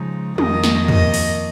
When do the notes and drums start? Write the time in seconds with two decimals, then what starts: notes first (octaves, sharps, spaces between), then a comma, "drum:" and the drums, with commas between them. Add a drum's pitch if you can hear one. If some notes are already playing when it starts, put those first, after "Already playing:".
Already playing: C#3 F3 G#3 D#4
0.38 F2 D#3 A#3 D#5, drum: tom
0.63 drum: snare
0.88 D#5, drum: tom
1.14 drum: open hi-hat